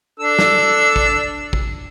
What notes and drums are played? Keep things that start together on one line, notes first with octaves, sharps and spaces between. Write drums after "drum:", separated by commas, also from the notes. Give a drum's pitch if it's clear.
D4 A4 E6
drum: snare
drum: kick
drum: kick